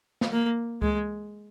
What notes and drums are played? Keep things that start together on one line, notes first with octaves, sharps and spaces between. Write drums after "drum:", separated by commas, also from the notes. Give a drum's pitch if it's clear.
drum: snare
A#3
G#3, drum: kick C#2